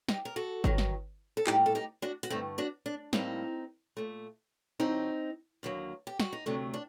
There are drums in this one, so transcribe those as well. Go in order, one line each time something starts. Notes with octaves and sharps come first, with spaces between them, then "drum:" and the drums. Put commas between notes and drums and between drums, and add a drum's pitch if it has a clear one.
D#4 G4, drum: snare
A#4
F#4 A4
G2 D#3 F#3, drum: kick G1
drum: snare
A4
A2 G3 A#3 D#4 G4, drum: clap
A4
D#4 G4
D4 F#4
F#4, drum: hi-hat
G2 D3 A3 C4 D#4
D4 F#4
D4
A2 G3 A#3 C4 D#4, drum: snare
A#2 A3
F#2 D3 F#3 C4 D#4
D#2 D3 F#3 A#3
G4
F#4, drum: snare
D#4
D2 C3 F#3 A3 D4
D4